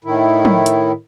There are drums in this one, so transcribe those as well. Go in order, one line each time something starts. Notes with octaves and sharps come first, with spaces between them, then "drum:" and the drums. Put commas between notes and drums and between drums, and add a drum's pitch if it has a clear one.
A2 D#3 E4
drum: tom F3
drum: hi-hat